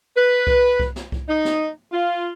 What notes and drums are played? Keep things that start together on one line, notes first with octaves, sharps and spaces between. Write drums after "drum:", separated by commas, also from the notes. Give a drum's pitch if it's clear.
B4
drum: kick C2
drum: kick C2
drum: snare
drum: kick C2
D#4
drum: snare
F4